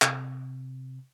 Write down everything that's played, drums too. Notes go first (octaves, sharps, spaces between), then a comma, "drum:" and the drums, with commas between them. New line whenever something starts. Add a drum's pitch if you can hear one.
C3, drum: clap